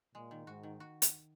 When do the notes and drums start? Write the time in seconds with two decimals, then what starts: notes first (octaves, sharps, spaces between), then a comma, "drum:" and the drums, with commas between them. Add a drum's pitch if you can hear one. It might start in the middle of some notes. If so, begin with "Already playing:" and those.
0.15 A#2 G#3
0.31 D#3
0.47 G#2 F#4
0.63 D#3
0.80 F#4
1.02 drum: hi-hat